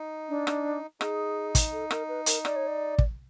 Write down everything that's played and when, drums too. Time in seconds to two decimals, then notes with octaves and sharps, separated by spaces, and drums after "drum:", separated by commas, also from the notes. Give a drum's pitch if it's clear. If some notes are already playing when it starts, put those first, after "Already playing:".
Already playing: D#4
0.29 D4
0.47 drum: rim click
1.01 D#4 G#4, drum: rim click
1.55 drum: kick, hi-hat
1.72 A4
1.91 A#4, drum: rim click
2.09 B4
2.26 A#4, drum: hi-hat
2.45 D5, drum: rim click
2.56 C#5
2.67 D5
2.98 drum: kick